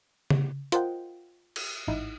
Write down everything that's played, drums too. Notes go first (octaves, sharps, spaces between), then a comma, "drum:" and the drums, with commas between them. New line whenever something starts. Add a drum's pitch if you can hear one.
drum: tom C#3
F4 A#4 C5 D#5 F#5 G5, drum: hi-hat
drum: cymbal
A1 G#2 D#4 E4 F#5